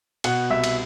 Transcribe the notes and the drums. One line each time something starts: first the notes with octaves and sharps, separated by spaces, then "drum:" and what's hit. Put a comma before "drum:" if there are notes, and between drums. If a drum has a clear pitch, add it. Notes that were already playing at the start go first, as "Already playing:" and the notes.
B2 F#5, drum: cymbal
C2 E5
drum: cymbal